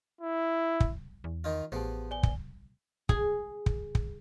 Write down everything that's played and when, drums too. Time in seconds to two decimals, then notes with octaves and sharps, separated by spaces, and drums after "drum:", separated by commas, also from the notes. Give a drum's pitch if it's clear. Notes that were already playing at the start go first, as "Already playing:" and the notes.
0.21 E4
0.80 drum: kick
1.24 E2
1.44 D#3 D#4 F4
1.72 A1 F3 B3 G4 G#4 A5
2.11 D5 G#5 G7
2.23 drum: kick
3.09 G#4, drum: kick
3.66 drum: kick
3.95 drum: kick